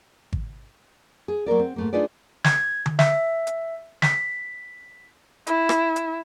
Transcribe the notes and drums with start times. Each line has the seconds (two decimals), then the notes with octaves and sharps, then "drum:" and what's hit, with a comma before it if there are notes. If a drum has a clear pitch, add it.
0.33 drum: kick G#1
1.28 G#4
1.46 F#3 A#3 A#4 D5
1.59 C4
1.76 G#2 A3 A#3
1.93 D4 D#4 F4 G#4 B4 D5
2.44 G#6, drum: snare
2.86 drum: tom D3
2.99 E5, drum: snare
3.47 drum: hi-hat
4.02 B6, drum: snare
5.47 E4, drum: hi-hat
5.69 drum: rim click
5.96 drum: hi-hat